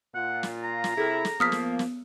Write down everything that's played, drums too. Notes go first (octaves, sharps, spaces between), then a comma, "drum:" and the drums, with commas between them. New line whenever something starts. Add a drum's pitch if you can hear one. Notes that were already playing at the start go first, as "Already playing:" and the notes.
A#2 F4 F#5
drum: snare
A#5
drum: snare
C3 E4 G#4 A4 F6
drum: snare
F3 A#3 B3 D#6 F6 B6
drum: snare
drum: snare